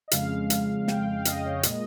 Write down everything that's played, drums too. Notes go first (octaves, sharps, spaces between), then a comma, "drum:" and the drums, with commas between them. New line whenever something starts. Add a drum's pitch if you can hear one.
D#5
F2 C#3 G#3 F5, drum: hi-hat
drum: hi-hat
F2 C#3 G#3 G5, drum: snare
F5
D#5, drum: hi-hat
C#5
C#5
A#2 G#3 D#5, drum: hi-hat